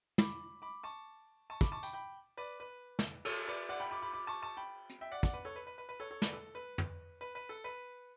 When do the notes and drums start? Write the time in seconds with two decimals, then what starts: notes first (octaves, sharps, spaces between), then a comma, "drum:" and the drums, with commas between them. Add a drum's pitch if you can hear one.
0.18 B5 D6, drum: tom
0.62 B5 D6
0.83 A5 C#6
1.50 A5 C#6
1.61 B5 D6, drum: kick
1.72 A5 C#6
1.83 G5 B5, drum: tambourine
1.93 G5 B5
2.37 B4 D5
2.60 B4
2.99 drum: snare
3.25 A4 C#5, drum: cymbal
3.47 B4 D5
3.69 D5 F#5
3.80 G5 B5
3.91 B5 D6
4.02 B5 D6
4.13 B5 D6
4.27 A5 C#6
4.42 A5 C#6
4.57 G5 B5
4.90 drum: hi-hat
5.01 E5 G5
5.12 D5 F#5
5.23 D5 F#5, drum: kick
5.33 B4
5.45 A4 C#5
5.56 B4
5.67 B4
5.78 B4
5.89 B4
6.00 A4 C#5
6.10 A4 C#5
6.22 B4 D5, drum: snare
6.33 A4
6.55 B4
6.78 drum: tom
7.21 B4
7.35 B4
7.49 A4
7.64 B4